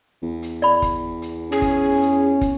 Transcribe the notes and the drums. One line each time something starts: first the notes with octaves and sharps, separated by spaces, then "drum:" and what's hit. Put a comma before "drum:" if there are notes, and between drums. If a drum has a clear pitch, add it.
E2
drum: hi-hat
D5 B5
drum: kick, hi-hat
drum: hi-hat
C#4 G#4
drum: kick, hi-hat
drum: hi-hat
drum: kick, hi-hat